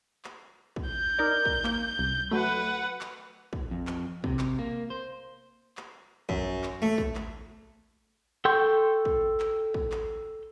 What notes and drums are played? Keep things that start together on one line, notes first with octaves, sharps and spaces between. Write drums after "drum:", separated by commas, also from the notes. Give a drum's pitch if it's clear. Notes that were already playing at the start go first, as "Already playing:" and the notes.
drum: clap
drum: kick
G6
D#4 A#4 D5
drum: kick
A#3, drum: clap
C2
F#3 A3 B4 F#5
drum: clap
drum: kick
F2
drum: clap
C3, drum: kick
drum: clap
A#3
C5
drum: clap
F#2, drum: kick
drum: clap
A3
drum: kick
drum: clap
A4 G5 C6 C#6 G6
drum: kick
drum: clap
drum: kick
drum: clap